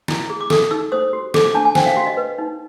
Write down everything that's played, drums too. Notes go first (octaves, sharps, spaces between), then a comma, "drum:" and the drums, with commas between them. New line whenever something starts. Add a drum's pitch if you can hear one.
E4, drum: snare
G#4
D6
A4 D#6, drum: snare
D#4 E6
C5 D#6
F#4
A4 D6, drum: snare
D6
D4 A5
G#5
C5 G5, drum: snare
F5
F#4 F5
D#5
B4
D#4